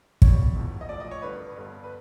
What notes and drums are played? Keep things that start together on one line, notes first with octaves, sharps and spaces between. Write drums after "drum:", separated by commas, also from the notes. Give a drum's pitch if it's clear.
C#2 B2 G3 C#5, drum: kick
A#1 G#2 E3
D#5
A#1 A2 F3 D5
D#5
C#5
G#1 G2 D3 B4
G1 G2 D3 G3
B4